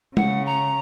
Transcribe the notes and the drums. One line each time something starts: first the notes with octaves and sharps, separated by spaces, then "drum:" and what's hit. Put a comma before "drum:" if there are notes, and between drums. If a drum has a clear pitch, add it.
C#3 F#5, drum: tom
A#5